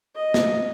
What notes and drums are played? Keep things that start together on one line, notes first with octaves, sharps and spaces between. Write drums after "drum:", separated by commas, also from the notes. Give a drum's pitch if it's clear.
D#5
drum: snare